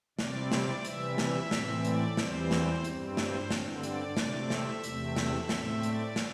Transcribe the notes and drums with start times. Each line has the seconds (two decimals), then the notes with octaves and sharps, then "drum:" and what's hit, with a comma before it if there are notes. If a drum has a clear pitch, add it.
0.19 C3 G3 C4 D5, drum: snare
0.52 D5, drum: snare
0.85 C3 E3 G3 E5, drum: hi-hat
1.18 E5, drum: snare
1.51 A2 E3 C4, drum: snare
1.84 D5, drum: hi-hat
2.17 E2 E3 G3 C4 C5, drum: snare
2.51 drum: snare
2.84 G2 G3 C4, drum: hi-hat
3.17 C5, drum: snare
3.50 G2 D3 C4, drum: snare
3.83 D5, drum: hi-hat
4.17 C3 A3 C4, drum: snare
4.50 E5, drum: snare
4.84 E2 C3 A3 C4, drum: hi-hat
5.16 drum: snare
5.49 A2 A3 C4, drum: snare
5.83 D5, drum: hi-hat
6.16 drum: snare